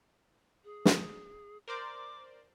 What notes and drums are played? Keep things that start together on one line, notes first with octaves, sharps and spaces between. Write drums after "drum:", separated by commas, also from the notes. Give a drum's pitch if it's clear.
G#4
drum: snare
A#4 C5 D5 D6